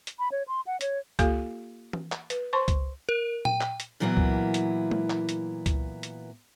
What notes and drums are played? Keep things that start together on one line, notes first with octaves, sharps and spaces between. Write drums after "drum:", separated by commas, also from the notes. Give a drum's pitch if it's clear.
drum: hi-hat
B5
C#5
C6
F#5
C#5, drum: hi-hat
A#3 F4 G4 A4 F5, drum: kick C#2, hi-hat
drum: tom E3
drum: clap
B4, drum: hi-hat
C5 A5 C6 C#6
drum: kick C#2, hi-hat
A#4
G5, drum: tom A#2
drum: clap
drum: hi-hat
A#2 E3 F#3 A#3 B3 E4
drum: kick C#2
drum: hi-hat
drum: tom G#3
drum: clap
drum: hi-hat
drum: kick C#2, hi-hat
drum: hi-hat